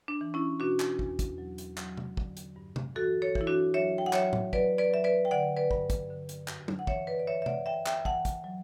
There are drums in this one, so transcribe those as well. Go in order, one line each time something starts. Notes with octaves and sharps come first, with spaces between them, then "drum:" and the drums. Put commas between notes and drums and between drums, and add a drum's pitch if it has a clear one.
D4
E3
C#4 E4
B2 D4 F#4
drum: clap
E2, drum: kick
drum: kick, hi-hat
F#3
drum: hi-hat
F#3, drum: clap
drum: tom C3
D3, drum: kick
drum: hi-hat
G2
drum: tom C3
E3 F#4 A4
A4 C#5
E3, drum: kick
E4
D4 F#4
F#3 C#5 E5
G5
F#5
F#3 C#5 E5, drum: clap
drum: tom A2
F#3 B4 D5, drum: kick
B4 D5
F#3 E5
B4 D5
G5
D3 D5 F#5
B4 D5
G2, drum: kick
drum: kick, hi-hat
D3
drum: hi-hat
F#2, drum: clap
drum: tom F#3
F#5
E3 C#5 E5, drum: kick
B4 D5
D5
E3 C#5 E5
E5
D5 F#5, drum: tom C3
E3 E5 G5
E5 G5, drum: clap
E3 F#5 A5, drum: kick
drum: kick, hi-hat
F#3